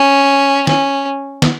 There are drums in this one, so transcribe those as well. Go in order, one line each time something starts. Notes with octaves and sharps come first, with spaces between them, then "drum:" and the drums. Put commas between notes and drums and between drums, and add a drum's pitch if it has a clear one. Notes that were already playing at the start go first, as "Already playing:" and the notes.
Already playing: C#4
C#4, drum: snare
drum: snare